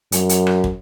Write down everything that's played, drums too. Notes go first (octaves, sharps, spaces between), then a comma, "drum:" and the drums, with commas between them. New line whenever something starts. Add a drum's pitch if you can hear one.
F#2, drum: hi-hat
drum: hi-hat
drum: rim click
drum: kick